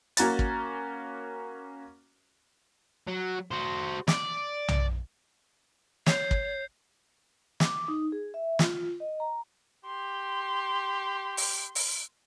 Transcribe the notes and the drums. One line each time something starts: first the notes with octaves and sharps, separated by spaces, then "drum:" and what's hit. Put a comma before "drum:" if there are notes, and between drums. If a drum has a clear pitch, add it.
A#3 C#4 F#4 A#5 A6, drum: hi-hat
drum: kick
F#3
F#4 C5
D5, drum: snare
drum: tom B1
C#5 G6 C7, drum: snare
drum: kick
D6, drum: snare
D#4
G#4
E5
F4, drum: snare
D#5
A#5
G4 C6
drum: open hi-hat
drum: open hi-hat